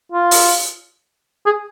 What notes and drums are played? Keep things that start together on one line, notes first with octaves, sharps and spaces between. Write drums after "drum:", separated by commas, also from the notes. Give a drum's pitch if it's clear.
F4
drum: open hi-hat
G#4